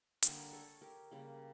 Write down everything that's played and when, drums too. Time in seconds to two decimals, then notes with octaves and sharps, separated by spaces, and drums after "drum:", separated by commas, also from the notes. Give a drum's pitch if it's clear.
0.23 D3 G3 A#3 A#4 D5, drum: hi-hat
0.53 A4 C#5
0.81 G4 A#4
1.11 C#3 G3 A#3